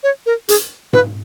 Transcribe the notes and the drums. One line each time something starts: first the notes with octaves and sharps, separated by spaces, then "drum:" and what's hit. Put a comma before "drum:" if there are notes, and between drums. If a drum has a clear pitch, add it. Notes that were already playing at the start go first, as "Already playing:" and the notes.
C#5
A#4
G#4, drum: hi-hat
B4, drum: tom G#2